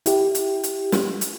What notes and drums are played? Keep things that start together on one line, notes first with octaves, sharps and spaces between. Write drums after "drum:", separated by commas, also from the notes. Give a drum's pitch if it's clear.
E4 G4, drum: hi-hat
drum: hi-hat
drum: hi-hat
drum: snare
drum: hi-hat